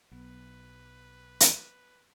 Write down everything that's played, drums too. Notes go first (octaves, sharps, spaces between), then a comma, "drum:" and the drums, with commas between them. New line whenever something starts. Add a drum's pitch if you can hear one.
B1 F#3 B3 B4
drum: hi-hat